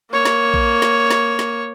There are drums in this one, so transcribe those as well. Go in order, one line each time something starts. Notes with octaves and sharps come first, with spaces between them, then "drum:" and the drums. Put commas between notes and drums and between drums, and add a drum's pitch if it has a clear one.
A#3 C#5
drum: snare
drum: kick A#1
drum: snare
drum: snare
drum: snare